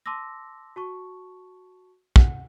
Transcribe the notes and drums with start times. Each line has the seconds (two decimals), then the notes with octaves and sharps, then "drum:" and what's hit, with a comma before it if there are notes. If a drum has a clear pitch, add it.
0.06 A5 C6 D6 E6 A#6
0.76 F#4 A5 C#6
2.16 F#5, drum: kick